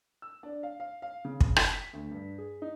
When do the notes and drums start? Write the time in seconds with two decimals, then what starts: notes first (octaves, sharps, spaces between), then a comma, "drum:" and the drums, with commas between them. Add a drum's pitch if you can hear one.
0.22 E6
0.43 D4
0.63 F5
0.80 F5
1.02 F5
1.25 C#3
1.41 drum: kick
1.56 drum: rim click
1.72 B6
1.93 D2
2.11 G2
2.38 G#4
2.62 D#4